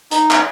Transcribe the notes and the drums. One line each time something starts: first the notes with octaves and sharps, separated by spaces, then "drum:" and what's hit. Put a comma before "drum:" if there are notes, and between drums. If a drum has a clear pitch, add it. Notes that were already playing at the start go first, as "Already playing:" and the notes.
D#4, drum: hi-hat
drum: clap